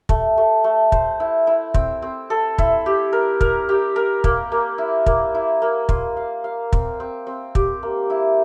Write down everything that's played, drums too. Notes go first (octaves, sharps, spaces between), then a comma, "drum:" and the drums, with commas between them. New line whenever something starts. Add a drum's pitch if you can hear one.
A3, drum: kick
A3
A3
C5, drum: kick
E4
E4
C4, drum: kick
C4
A4
E4, drum: kick
G4
A#4
A#4, drum: kick
G4
A#4
A#3, drum: kick
A#3
E4
A#3, drum: kick
E4
A#3
F4, drum: kick
F5
F5
C4, drum: kick
C4
C4
G4, drum: kick
A#3
E4